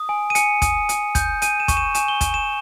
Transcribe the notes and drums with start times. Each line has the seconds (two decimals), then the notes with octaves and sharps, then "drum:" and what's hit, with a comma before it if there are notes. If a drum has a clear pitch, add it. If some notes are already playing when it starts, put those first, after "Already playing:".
Already playing: D#6
0.09 G#5
0.30 D#7
0.35 G#5 C#7, drum: hi-hat
0.62 D#6, drum: kick, hi-hat
0.89 G#5, drum: hi-hat
1.15 G6, drum: kick, hi-hat
1.42 G#5 D#7, drum: hi-hat
1.60 E7
1.68 C#6, drum: kick, hi-hat
1.77 E7
1.95 G#5 E7, drum: hi-hat
2.08 G7
2.21 G#5, drum: kick, hi-hat
2.34 E7